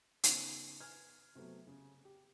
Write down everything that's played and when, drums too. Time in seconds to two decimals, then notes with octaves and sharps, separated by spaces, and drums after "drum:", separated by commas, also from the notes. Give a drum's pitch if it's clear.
0.24 C#3 B3 D#4 F4, drum: hi-hat
0.80 B4 G#5 F6 G#6
1.35 C3 F#3 A3 B3
1.67 C#3
2.05 G4